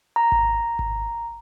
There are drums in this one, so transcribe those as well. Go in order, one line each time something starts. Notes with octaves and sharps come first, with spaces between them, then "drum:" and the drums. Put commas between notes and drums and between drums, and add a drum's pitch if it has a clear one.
A#5
drum: kick G#1
drum: kick G#1